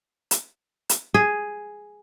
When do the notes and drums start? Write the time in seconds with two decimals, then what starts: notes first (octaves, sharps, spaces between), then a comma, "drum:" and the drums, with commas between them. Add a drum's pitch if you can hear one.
0.31 drum: hi-hat
0.89 drum: hi-hat
1.14 G#4